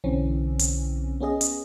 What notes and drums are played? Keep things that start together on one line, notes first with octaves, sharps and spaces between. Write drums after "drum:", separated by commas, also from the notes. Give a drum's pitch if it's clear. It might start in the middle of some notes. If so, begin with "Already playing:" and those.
B1 D3 E3 C4 C#4
drum: hi-hat
B3 C#4 G#4 D#5
drum: hi-hat